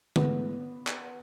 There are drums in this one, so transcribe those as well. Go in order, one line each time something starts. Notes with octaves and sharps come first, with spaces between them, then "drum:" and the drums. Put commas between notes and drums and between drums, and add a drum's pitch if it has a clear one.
G#2 E3 A3 B3 B4, drum: tom D3
drum: clap